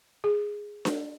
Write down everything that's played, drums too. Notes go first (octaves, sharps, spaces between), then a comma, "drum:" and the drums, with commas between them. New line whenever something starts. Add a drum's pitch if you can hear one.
G#4
drum: snare D4